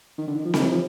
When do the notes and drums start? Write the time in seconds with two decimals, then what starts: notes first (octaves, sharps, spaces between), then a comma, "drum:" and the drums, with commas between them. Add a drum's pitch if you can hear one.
0.19 D#3
0.28 D3
0.36 D#3
0.45 F3
0.54 D#3, drum: snare C4
0.64 E3
0.71 F3